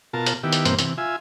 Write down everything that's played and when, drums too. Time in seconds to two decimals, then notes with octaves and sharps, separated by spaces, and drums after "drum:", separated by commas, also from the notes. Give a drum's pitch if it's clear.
0.13 B2 F4 A#4 A5
0.26 drum: hi-hat
0.43 D#3 B3 E4 G4
0.53 drum: hi-hat
0.65 G2 B2 E3 A#3 C4 C5, drum: hi-hat
0.79 C3 E3, drum: hi-hat
0.98 F4 E5 G#5